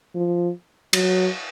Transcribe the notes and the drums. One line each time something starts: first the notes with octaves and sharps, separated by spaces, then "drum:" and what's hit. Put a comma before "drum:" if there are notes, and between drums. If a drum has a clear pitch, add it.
F3
F#3, drum: cymbal